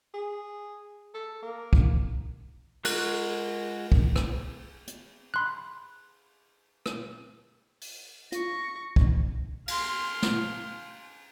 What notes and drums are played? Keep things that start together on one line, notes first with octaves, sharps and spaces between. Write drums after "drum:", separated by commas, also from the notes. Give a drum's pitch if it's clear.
G#4
A4
A#3
drum: kick
G#3 F4 F#4 A#4 F#6, drum: cymbal
drum: kick
drum: rim click
drum: hi-hat
B5 C6 F#6
drum: rim click
drum: open hi-hat
F4 C#6 A#6, drum: hi-hat
drum: kick
F5 C6, drum: cymbal
drum: snare